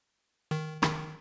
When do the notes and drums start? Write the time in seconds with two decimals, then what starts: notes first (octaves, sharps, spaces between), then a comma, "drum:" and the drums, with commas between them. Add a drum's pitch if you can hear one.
0.51 D#3
0.83 D#3, drum: rim click